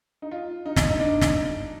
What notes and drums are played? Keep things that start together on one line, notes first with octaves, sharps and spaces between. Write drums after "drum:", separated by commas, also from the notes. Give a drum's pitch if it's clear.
D#4
F4
D#4
drum: snare
D#4
D4
drum: snare